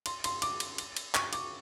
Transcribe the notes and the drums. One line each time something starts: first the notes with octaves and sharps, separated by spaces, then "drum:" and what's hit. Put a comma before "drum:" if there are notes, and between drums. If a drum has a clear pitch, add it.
C6, drum: cymbal
C6, drum: cymbal
D6, drum: cymbal
drum: cymbal
drum: cymbal
drum: cymbal
C#6, drum: clap
D6, drum: cymbal